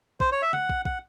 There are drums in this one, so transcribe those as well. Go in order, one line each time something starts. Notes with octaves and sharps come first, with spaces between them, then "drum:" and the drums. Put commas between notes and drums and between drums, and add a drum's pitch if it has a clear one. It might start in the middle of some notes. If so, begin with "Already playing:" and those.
C5, drum: kick
C#5
E5
F#5, drum: tom C#3
drum: kick
F#5, drum: kick